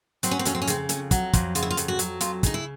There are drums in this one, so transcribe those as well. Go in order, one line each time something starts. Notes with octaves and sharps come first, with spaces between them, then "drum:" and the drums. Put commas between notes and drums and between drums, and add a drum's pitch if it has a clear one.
F#3 C4, drum: hi-hat
C#4
C4
F2 C#4, drum: hi-hat
C4
C#4
C#3 C4, drum: hi-hat
F2 C#4, drum: hi-hat
F#3, drum: kick, hi-hat
F2, drum: kick, hi-hat
C#3 F4, drum: hi-hat
E4
F4
F2, drum: hi-hat
F#4
F#3, drum: hi-hat
F2 F4, drum: hi-hat
C#3 D#4, drum: kick, hi-hat
E4